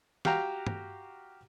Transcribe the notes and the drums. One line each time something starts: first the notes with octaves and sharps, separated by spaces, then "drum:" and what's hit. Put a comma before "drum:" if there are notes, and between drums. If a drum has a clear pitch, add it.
F#4 G4 F5 G5 A#5, drum: snare
drum: tom